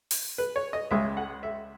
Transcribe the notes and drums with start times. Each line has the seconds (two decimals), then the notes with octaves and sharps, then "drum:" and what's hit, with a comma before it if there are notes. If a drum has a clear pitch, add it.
0.11 drum: open hi-hat
0.38 B4
0.56 C#5
0.73 D#5
0.91 C#2 C#3 G#3 E5
1.17 F#5
1.43 E5